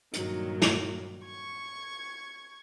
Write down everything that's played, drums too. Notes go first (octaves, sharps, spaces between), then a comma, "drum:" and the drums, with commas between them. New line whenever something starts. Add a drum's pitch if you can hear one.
G2 A#2 D#3 F#3, drum: hi-hat
drum: snare
C#6 G#6